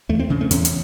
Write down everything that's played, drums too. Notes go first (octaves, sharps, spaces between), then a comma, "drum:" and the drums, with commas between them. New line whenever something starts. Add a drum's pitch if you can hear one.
E2 A3
C4
C#3
A3
E2 C#4, drum: hi-hat
drum: hi-hat